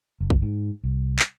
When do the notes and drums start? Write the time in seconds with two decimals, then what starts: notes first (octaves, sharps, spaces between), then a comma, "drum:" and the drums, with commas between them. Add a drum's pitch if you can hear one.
0.21 F#1
0.30 drum: kick
0.42 G#2
0.84 C2
1.19 drum: clap